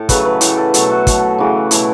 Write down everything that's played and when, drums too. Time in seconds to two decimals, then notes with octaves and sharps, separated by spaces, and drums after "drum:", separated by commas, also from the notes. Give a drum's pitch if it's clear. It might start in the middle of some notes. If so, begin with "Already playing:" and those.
Already playing: A2 A4
0.09 C#3 F#3 A3 B4, drum: kick, hi-hat
0.25 B4
0.41 A2 E3 A3 A4, drum: hi-hat
0.58 A4
0.74 B2 F#3 A3 A4, drum: hi-hat
0.90 F#4
1.07 B2 F#3 A3, drum: kick, hi-hat
1.38 C#3 E3 A3
1.71 B2 F#3 A3 E4, drum: hi-hat